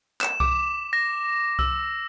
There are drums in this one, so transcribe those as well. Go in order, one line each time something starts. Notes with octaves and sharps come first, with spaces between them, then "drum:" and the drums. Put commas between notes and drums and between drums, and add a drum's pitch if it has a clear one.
E7, drum: clap
D6, drum: kick C2
A#6
E6, drum: kick C2